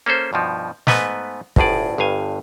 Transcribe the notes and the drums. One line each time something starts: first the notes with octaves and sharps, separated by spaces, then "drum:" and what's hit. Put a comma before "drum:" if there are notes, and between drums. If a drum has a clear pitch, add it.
A#3 C#4 A4 C5
G2 B2 F3 D#4
G#2 A3 B3 B4 D#5 G#5, drum: snare
G1 D2 A2 G#4 D5, drum: kick
G1 G2 F5 G#5